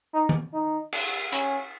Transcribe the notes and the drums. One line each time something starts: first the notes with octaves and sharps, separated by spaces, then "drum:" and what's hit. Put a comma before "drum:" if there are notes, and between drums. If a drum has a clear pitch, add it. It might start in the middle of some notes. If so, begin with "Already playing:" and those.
D#4
drum: tom D#3
D#4
drum: cymbal
C#4, drum: hi-hat